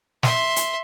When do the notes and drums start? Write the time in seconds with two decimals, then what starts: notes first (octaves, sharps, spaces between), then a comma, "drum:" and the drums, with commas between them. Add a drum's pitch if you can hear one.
0.23 E5 C6, drum: snare
0.56 drum: hi-hat